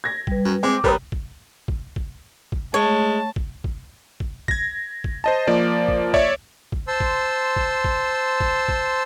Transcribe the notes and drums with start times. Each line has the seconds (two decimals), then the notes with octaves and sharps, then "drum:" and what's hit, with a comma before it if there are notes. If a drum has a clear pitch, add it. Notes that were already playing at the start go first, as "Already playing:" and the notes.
0.04 G#6 A#6
0.27 G3 B4, drum: kick
0.45 F#2
0.63 G#3 C4 D6
0.84 G3 A#4 B4 C#5 A#5 D#6, drum: kick
1.12 drum: kick
1.68 drum: kick
1.96 drum: kick
2.52 drum: kick
2.74 G#3 A3 C#5 A5
3.36 drum: kick
3.64 drum: kick
4.20 drum: kick
4.48 G#6 A#6, drum: kick
5.04 drum: kick
5.24 C5 D#5 A5
5.47 F3 A#3 D5
5.88 drum: kick
6.14 C#5 D5 E5, drum: kick
6.72 drum: kick
6.87 C5 A5 C6 E6
7.00 drum: kick
7.56 drum: kick
7.84 drum: kick
8.40 drum: kick
8.68 drum: kick